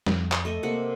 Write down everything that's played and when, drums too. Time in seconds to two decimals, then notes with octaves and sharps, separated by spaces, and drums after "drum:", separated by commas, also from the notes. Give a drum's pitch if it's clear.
0.06 F2, drum: snare
0.32 drum: clap
0.45 A3 D#5 E5
0.63 C3 A#3 F#5